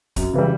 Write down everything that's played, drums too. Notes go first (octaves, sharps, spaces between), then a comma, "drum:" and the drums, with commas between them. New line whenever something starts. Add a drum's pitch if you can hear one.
F#2, drum: kick, hi-hat
C#3 E3 G3